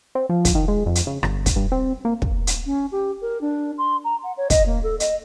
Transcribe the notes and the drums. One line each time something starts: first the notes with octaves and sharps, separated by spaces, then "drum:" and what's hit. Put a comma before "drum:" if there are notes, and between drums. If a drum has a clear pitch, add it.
C4
F3
drum: kick, hi-hat
D#3
G#3
F2
drum: hi-hat
C#3
G1, drum: rim click
drum: kick, hi-hat
G2
C4
A#3
drum: kick
drum: hi-hat
C#4
G4
A#4
D4
C6
A#5
F#5
C#5
D#5, drum: kick, hi-hat
A#3
A4
D#5, drum: hi-hat